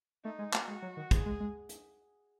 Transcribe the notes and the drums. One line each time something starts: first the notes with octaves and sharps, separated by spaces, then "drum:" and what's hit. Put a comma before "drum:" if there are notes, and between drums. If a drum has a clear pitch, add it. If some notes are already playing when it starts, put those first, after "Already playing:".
A3 D#4
G#3
A3 F#4, drum: clap
G#3
F#3
D#3
E3 G#4, drum: kick, hi-hat
G#3
G#3
drum: hi-hat